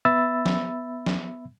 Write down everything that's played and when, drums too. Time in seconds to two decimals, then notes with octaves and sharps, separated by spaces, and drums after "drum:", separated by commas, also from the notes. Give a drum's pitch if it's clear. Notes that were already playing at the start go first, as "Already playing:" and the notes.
0.05 B3 E5 B5 E6 A6
0.46 drum: snare
1.06 drum: snare